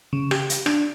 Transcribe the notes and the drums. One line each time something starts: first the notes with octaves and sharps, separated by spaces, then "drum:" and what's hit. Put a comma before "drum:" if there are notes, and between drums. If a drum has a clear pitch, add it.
C#3
G4, drum: rim click
drum: hi-hat
D4, drum: rim click